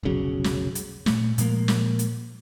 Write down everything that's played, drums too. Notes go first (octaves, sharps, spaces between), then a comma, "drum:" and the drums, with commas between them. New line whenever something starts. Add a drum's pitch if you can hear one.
F1 B1 C#3 F#3
drum: snare
drum: hi-hat
A#2 A3, drum: snare
A#2 F3 G#3 A#3, drum: hi-hat
drum: snare
drum: hi-hat